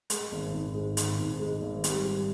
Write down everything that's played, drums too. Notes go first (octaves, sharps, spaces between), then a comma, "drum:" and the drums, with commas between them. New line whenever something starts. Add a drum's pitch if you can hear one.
G#3, drum: hi-hat
G#1
G#2
G#3
G#1, drum: hi-hat
G#2
G#3
G#1
G3, drum: hi-hat
G3